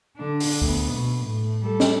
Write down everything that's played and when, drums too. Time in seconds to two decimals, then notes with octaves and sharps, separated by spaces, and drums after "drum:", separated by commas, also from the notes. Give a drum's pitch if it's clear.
0.17 D3 D4
0.40 drum: open hi-hat
0.62 D2 B3, drum: kick
0.94 B2
1.26 A2
1.62 G3 A4
1.80 drum: snare